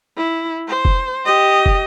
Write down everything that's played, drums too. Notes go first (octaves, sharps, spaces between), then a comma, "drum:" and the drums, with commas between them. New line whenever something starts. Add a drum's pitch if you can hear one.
E4
C5
drum: kick
G4 D#5
drum: kick